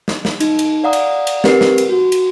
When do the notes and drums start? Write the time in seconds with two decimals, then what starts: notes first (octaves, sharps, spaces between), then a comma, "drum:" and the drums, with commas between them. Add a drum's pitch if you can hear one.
0.08 drum: snare
0.25 drum: snare
0.40 D#4, drum: cymbal
0.59 drum: cymbal
0.84 D5 F5 F#5 A#5 D#6
0.93 drum: cymbal
1.27 drum: cymbal
1.44 C4 G4 A#4 B4 C7, drum: snare
1.61 drum: snare
1.78 drum: cymbal
1.89 F#4
2.12 drum: cymbal